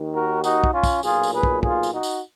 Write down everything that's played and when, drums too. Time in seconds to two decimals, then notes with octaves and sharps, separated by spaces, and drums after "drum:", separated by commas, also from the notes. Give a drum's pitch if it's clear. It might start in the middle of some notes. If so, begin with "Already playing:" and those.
Already playing: D#2 D#3
0.13 F#4 A#4
0.44 D#4 F#4, drum: tambourine
0.64 drum: kick
0.73 C#4 F4
0.84 drum: kick, tambourine
1.03 B1 A#2 F4 G#4, drum: tambourine
1.23 drum: tambourine
1.33 G#4 B4
1.43 drum: kick
1.63 F4 G#4, drum: kick
1.83 drum: tambourine
1.93 D#4 F#4
2.03 drum: tambourine